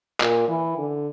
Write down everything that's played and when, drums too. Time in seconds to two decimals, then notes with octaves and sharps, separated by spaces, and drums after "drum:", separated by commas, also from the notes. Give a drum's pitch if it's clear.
0.20 A#2, drum: clap
0.48 E3
0.78 D3